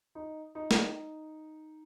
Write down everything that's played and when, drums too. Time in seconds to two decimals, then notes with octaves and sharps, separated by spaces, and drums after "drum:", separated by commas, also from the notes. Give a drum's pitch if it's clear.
0.15 D#4
0.55 D#4
0.71 D#4, drum: snare